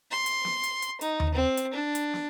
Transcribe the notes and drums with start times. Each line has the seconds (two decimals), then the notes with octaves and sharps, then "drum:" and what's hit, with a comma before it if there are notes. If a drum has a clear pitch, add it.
0.11 C6
0.26 drum: hi-hat
0.45 drum: snare
0.64 drum: hi-hat
0.82 drum: hi-hat
1.01 D#4, drum: hi-hat
1.20 drum: tom D#2
1.34 C4
1.57 drum: hi-hat
1.73 D4
1.95 drum: hi-hat
2.14 drum: snare